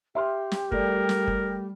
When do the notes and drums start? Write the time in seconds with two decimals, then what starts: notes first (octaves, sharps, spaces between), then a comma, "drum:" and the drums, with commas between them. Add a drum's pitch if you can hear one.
0.15 G4 E5 C6 F6
0.52 drum: snare
0.72 G3 A3 A#4 D5, drum: kick
1.09 drum: snare
1.27 drum: kick